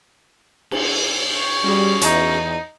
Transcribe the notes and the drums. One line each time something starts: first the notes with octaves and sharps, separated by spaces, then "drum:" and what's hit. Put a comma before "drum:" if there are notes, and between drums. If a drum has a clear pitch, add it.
drum: cymbal
C#5
G3 C#4 F#4 G#4
E2 D#4, drum: hi-hat